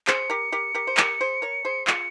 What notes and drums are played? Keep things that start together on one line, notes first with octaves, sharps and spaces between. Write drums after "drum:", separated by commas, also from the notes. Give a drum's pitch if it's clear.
G#4 C5 C#7, drum: clap
G4 A#4
G4 A#4
G4 A#4
C5
G4 A#4, drum: clap
G#4 C5
A#4 C#5
G#4 C5
F4 G#4 C#7, drum: clap